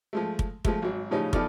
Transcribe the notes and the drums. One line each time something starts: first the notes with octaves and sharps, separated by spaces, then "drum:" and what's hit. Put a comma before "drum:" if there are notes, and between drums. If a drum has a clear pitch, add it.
F3 G#3 A3
drum: kick
F3 G#3 A3, drum: kick
G#1 F#3
A2 C#3 F3 G3 C#4 D#4
E2 F3 D#4 A4 D5 F6, drum: kick